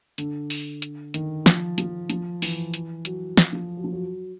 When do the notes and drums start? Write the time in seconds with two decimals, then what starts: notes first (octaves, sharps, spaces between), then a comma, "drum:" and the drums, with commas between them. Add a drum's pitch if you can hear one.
0.18 D3, drum: hi-hat
0.50 drum: open hi-hat
0.82 drum: hi-hat
1.14 D#3, drum: hi-hat
1.46 F3, drum: snare
1.78 F3, drum: hi-hat
2.10 F3, drum: hi-hat
2.42 E3, drum: open hi-hat
2.74 drum: hi-hat
3.05 F#3, drum: hi-hat
3.37 F3, drum: snare
3.53 F3
3.77 F#3
3.84 F3
3.93 F#3